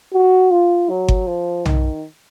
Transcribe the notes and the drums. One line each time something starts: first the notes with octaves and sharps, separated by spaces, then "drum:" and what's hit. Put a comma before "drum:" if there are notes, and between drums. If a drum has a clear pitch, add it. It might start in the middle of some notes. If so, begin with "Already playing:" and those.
F#4
F4
F#3
drum: kick G1
F3
D#3, drum: tom B1